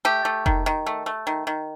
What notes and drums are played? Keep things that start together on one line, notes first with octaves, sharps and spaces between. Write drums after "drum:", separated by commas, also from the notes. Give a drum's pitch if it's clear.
A3 G4
A3
D#3, drum: kick F1
D#3
A3
A3
D#3
D#3